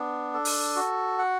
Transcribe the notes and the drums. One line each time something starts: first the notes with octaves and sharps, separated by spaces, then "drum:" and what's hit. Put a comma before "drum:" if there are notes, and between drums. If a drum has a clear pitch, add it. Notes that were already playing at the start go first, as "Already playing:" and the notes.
Already playing: B3 D4
A4
drum: open hi-hat
F#4
F#5